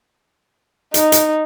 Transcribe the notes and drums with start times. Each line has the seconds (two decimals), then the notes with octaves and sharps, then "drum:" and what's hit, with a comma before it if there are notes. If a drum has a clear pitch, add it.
0.94 D#4, drum: hi-hat
1.12 drum: hi-hat